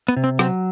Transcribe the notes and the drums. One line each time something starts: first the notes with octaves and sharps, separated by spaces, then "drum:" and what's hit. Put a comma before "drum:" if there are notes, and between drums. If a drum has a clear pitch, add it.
B3
C3
C4
F#3 C4, drum: rim click